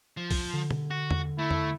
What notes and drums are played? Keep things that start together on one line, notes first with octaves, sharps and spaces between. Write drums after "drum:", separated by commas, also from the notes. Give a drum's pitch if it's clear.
F3
drum: kick, open hi-hat
D3
drum: tom
F#4
drum: tom E2
A3 E4
drum: tom E2